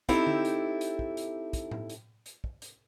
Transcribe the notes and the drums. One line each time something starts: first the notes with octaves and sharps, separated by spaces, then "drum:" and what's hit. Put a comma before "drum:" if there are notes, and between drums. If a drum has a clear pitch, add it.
C4 D#4 E4 G4 A4, drum: kick, hi-hat
drum: tom D3
drum: hi-hat
drum: hi-hat
drum: kick
drum: hi-hat
drum: kick, hi-hat
drum: tom A2
drum: hi-hat
drum: hi-hat
drum: kick
drum: hi-hat